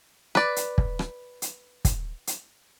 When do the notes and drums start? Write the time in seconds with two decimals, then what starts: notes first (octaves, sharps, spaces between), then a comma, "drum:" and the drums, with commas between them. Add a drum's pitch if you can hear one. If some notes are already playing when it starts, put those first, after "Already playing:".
0.35 B4 D5, drum: rim click
0.56 drum: hi-hat
0.78 drum: kick
0.99 drum: rim click
1.42 drum: hi-hat
1.85 drum: kick, hi-hat
2.27 drum: hi-hat